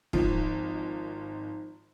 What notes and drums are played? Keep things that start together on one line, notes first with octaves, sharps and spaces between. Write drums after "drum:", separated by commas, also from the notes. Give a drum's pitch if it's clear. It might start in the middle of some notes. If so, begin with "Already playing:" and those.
G#1 D#3 F3, drum: kick